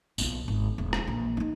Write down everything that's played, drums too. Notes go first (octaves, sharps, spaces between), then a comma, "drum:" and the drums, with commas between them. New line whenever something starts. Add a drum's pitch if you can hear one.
B1 F4, drum: tambourine
G#1
E1
drum: rim click
A#1 E3
D4 D#4